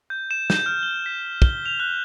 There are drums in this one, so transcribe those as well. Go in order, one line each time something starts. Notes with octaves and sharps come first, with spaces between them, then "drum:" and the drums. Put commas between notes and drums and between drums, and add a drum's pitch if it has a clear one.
G6
E7
G6, drum: snare
F6
G7
B6
G7, drum: kick
F7
F#6